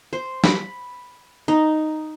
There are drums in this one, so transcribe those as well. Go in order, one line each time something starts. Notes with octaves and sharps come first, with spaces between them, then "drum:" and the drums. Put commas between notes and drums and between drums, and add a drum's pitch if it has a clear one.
C5
B5, drum: snare
D#4